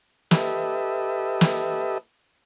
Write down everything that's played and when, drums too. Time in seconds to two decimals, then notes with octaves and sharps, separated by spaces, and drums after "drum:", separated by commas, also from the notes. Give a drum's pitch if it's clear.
0.31 G4 A4 B4 D#5 E5, drum: snare
1.41 drum: snare